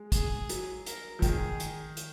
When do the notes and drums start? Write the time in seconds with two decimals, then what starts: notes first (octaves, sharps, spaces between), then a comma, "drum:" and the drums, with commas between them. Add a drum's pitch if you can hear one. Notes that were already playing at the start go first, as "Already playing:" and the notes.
Already playing: G#3
0.12 G#4, drum: kick, hi-hat
0.49 F#3, drum: hi-hat
0.86 A#4, drum: hi-hat
1.19 F3
1.22 D#3 G#4, drum: kick, hi-hat
1.60 drum: hi-hat
1.97 drum: hi-hat